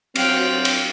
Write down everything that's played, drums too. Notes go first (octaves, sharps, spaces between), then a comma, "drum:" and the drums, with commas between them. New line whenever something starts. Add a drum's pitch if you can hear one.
F#3 C4 F5 G5 F#6, drum: cymbal
drum: cymbal